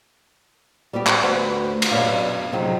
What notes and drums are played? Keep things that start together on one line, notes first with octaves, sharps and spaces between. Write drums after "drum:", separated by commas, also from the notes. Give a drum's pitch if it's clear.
G3 B3 F#4 G4
drum: clap
D2 F#4 B4 C5 F#5
drum: cymbal
F#2 B2 B4 C#5 D5 F5
C3 F3 F#3 G#3 D#4